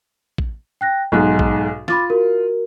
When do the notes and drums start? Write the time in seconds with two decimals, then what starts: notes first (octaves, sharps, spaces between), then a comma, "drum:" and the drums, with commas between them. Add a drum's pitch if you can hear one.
0.38 drum: kick
0.81 G5 F#6 A#6
1.12 B1 G#2 D#5 G#5 F#6
1.39 drum: kick
1.88 F4 B5 D6 A6, drum: snare
2.10 F#4 A#4